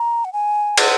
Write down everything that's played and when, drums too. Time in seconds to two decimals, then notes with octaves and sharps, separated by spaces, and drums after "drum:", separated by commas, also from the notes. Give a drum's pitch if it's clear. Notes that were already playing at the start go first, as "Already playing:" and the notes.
Already playing: A#5
0.25 F#5
0.33 G#5
0.78 F#5, drum: cymbal